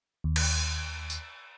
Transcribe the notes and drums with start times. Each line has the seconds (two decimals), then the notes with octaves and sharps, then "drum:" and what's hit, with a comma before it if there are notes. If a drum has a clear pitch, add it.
0.24 D#2
0.36 drum: cymbal
1.10 drum: tambourine